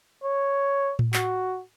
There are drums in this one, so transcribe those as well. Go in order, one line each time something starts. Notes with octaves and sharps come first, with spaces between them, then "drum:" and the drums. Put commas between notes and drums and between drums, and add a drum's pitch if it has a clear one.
C#5
drum: tom A2
F#4, drum: clap